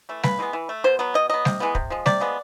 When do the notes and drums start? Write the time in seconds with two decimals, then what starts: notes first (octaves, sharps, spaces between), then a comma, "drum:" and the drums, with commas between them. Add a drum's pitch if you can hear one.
0.09 E3 A3
0.23 C#3 B4, drum: snare G3
0.39 E3 G#3 B3
0.53 E3
0.69 A3
0.84 B2 C5
0.99 F#3 B3
1.14 B2 D#5
1.30 F#3 B3 D#5
1.45 C3, drum: snare G3
1.60 E3 G#3 B3
1.75 C3, drum: kick
1.90 F3 G#3
2.06 C3 D5, drum: snare G3
2.21 F3 G#3 B3